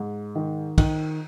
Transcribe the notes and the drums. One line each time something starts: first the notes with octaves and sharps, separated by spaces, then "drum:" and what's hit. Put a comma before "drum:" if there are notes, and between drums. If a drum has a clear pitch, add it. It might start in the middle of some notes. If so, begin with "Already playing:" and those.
Already playing: G#2
D#3
D#3, drum: kick, cymbal